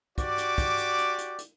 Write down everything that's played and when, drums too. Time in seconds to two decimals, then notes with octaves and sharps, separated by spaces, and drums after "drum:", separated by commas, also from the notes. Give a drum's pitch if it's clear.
0.18 F#4 G4 D5 D6, drum: kick, hi-hat
0.38 drum: hi-hat
0.58 drum: kick, hi-hat
0.78 drum: hi-hat
0.98 drum: hi-hat
1.18 drum: hi-hat
1.38 drum: hi-hat